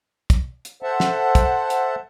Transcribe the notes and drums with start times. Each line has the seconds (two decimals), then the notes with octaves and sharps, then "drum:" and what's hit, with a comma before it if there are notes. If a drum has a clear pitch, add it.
0.30 drum: kick, hi-hat
0.65 drum: hi-hat
0.83 A4 C5 E5 F#5 A5
1.00 drum: snare
1.35 drum: kick, hi-hat
1.70 drum: hi-hat